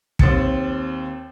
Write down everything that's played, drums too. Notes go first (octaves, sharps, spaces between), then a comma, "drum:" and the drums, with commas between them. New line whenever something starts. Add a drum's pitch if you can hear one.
D#2 C4 A6 C#7, drum: kick